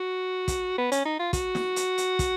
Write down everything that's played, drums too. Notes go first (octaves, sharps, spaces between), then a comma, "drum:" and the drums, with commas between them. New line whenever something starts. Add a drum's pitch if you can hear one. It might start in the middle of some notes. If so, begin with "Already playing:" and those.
Already playing: F#4
drum: kick, hi-hat
B3
C#4, drum: hi-hat
D#4
F4
F#4, drum: kick, hi-hat
drum: snare
drum: hi-hat
drum: hi-hat
drum: kick, hi-hat